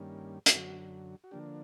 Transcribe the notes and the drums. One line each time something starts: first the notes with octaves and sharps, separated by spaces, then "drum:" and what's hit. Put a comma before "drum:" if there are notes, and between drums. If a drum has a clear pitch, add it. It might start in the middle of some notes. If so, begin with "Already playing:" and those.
Already playing: G2 D#3 G3 A#3 C#4
F4, drum: hi-hat
F#2 D3 F#3 F#4
F#4
D3 F3 A#3 D4 G4